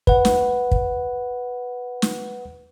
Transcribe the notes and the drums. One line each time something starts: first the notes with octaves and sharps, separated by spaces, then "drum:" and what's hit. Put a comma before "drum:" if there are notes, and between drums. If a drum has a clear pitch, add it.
B4 F#5, drum: kick
drum: snare
drum: kick
drum: snare